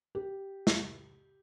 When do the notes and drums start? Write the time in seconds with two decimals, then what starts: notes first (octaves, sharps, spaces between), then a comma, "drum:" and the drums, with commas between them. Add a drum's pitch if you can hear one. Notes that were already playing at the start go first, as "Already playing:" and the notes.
0.15 G4
0.67 drum: snare